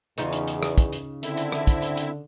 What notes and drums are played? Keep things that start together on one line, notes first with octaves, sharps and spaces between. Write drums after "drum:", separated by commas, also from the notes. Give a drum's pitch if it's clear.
E2 C#3 D#4 F4, drum: hi-hat
drum: hi-hat
drum: hi-hat
drum: rim click
drum: kick, hi-hat
drum: hi-hat
D3 C4 E4 E5, drum: hi-hat
drum: hi-hat
drum: rim click
drum: kick, hi-hat
drum: hi-hat
drum: hi-hat